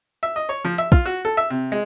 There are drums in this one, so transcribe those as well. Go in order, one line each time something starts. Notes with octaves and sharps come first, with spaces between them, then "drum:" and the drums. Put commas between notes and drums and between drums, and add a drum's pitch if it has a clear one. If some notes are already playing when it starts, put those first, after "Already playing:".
E5
D#5
C#5
F3
E5, drum: hi-hat
F4, drum: kick
F#4
A4
E5
C3
G#3